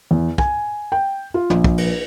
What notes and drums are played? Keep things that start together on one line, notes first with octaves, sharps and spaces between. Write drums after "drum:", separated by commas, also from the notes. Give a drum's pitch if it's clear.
E2
G#5, drum: kick
G5
F4
A#1, drum: tom
drum: kick
drum: cymbal